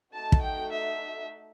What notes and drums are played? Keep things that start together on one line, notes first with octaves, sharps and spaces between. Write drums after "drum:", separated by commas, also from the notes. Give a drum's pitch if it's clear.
A3 D#4 F#4 A4 A5
drum: kick
G5
E5